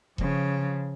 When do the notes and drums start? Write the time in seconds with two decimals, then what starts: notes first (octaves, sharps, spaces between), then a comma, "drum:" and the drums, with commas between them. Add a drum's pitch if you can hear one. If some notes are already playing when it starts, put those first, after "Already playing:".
0.18 C#3 F3, drum: kick E1